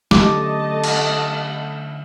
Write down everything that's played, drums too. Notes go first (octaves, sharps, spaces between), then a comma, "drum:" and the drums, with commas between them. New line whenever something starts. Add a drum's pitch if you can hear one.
D3 F#3 A3 C#4 G4 D#5 A5 D6, drum: snare
drum: cymbal